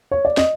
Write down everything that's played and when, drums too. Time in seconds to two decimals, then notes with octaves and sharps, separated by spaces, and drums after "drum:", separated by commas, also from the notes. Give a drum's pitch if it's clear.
0.11 C#5
0.25 D5
0.37 D#5, drum: snare